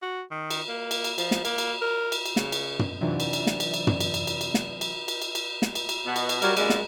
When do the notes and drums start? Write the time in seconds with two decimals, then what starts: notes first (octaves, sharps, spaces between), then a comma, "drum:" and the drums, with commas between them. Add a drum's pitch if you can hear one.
0.02 F#4
0.31 D#3
0.51 drum: cymbal
0.68 A#3
0.91 drum: cymbal
1.04 drum: cymbal
1.18 F3, drum: cymbal
1.31 drum: snare
1.45 A#3, drum: cymbal
1.58 drum: cymbal
1.81 A#4
2.12 drum: cymbal
2.25 drum: cymbal
2.36 C#3, drum: snare
2.52 drum: cymbal
2.79 drum: tom
3.01 C3 E3 F#3 D4 D#4 F4 D5
3.20 drum: cymbal
3.33 drum: cymbal
3.47 drum: snare
3.60 drum: cymbal
3.74 drum: cymbal
3.87 drum: tom
4.00 drum: cymbal
4.14 drum: cymbal
4.27 drum: cymbal
4.41 drum: cymbal
4.54 drum: snare
4.81 drum: cymbal
5.08 drum: cymbal
5.22 drum: cymbal
5.35 drum: cymbal
5.62 drum: snare
5.75 drum: cymbal
5.89 drum: cymbal
6.06 B2 B3
6.16 drum: cymbal
6.29 drum: cymbal
6.42 F#3 G3 A#4, drum: cymbal
6.57 F#2 A#2 G3 G#3, drum: cymbal
6.70 drum: snare